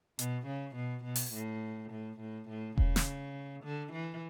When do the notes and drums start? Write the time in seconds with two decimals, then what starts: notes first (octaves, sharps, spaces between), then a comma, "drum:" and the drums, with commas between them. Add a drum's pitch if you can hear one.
0.19 B2, drum: hi-hat
0.47 C#3
0.75 B2
1.05 B2
1.16 drum: open hi-hat
1.33 A2
1.91 A2
2.20 A2
2.49 A2
2.78 C#3, drum: kick E1
2.96 drum: snare
3.64 D3
3.92 E3